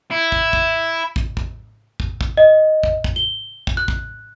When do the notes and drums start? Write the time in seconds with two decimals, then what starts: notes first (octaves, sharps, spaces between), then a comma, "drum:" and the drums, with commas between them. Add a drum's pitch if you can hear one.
0.11 E4
0.32 drum: kick
0.53 drum: kick
1.16 drum: kick
1.37 drum: kick
2.00 drum: kick
2.21 drum: kick
2.37 D#5
2.83 drum: kick
3.04 drum: kick
3.16 G7
3.67 drum: kick
3.77 F#6
3.88 drum: kick